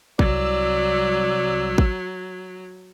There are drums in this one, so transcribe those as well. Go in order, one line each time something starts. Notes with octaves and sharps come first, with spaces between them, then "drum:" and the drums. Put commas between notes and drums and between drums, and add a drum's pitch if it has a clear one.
C2 F#3 D5 E6, drum: kick
drum: kick